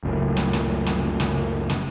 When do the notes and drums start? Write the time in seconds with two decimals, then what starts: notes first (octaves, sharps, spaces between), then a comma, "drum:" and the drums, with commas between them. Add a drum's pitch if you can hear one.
0.03 F#1 C#2 F#2 A2
0.37 drum: snare
0.53 drum: snare
0.86 drum: snare
1.20 drum: snare
1.70 drum: snare